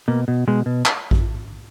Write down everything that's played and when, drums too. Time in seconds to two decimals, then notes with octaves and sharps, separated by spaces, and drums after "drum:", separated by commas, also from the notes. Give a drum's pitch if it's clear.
0.08 B2 A#3
0.28 B2
0.48 B2 G#3
0.66 B2
0.86 drum: clap
1.11 drum: kick A1